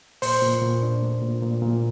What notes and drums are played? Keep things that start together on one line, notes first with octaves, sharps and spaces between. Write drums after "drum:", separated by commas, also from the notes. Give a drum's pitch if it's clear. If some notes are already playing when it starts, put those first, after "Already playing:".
A#2 C5, drum: open hi-hat
A#2
A#2
D4
A3
A#2
A#2
A#2